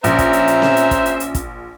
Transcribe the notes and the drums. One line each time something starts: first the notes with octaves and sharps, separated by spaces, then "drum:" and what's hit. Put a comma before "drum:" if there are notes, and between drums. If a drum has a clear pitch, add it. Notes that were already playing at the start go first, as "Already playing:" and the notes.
A#1 C#4 C5 E5 A#5, drum: hi-hat
drum: kick, hi-hat
drum: hi-hat
drum: hi-hat
drum: snare C4
drum: hi-hat
drum: kick, hi-hat
drum: hi-hat
drum: hi-hat
drum: kick, hi-hat